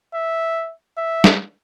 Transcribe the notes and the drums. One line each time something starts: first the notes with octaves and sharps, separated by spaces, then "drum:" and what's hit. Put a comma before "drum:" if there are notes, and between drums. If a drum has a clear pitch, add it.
E5
E5
drum: snare